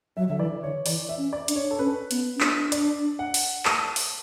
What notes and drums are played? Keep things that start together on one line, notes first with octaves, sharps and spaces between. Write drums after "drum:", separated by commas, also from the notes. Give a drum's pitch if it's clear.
F#3 E5
D3 E5
E3 D5
D3 C#5
E3 D5, drum: open hi-hat
E5
C#4
D5
D4, drum: hi-hat
C#5
A4
C#4 B4
B3, drum: hi-hat
C#4
D4, drum: clap
D5, drum: hi-hat
F#5
drum: open hi-hat
A5, drum: clap
drum: open hi-hat